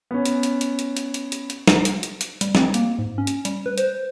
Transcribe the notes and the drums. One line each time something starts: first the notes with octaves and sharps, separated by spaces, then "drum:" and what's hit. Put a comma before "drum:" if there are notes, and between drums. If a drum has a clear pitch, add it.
B3 C#4
drum: hi-hat
drum: hi-hat
drum: hi-hat
drum: hi-hat
drum: hi-hat
drum: hi-hat
drum: hi-hat
drum: hi-hat
drum: snare
drum: hi-hat
drum: hi-hat
drum: hi-hat
G3, drum: hi-hat
C4, drum: snare
A#3, drum: hi-hat
G#2
C#4
drum: hi-hat
G3, drum: hi-hat
B4
C5, drum: hi-hat